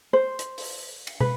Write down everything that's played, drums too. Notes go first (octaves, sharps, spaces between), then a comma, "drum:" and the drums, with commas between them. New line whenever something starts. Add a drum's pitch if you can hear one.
C5
drum: hi-hat
drum: open hi-hat
drum: cymbal
B4, drum: tom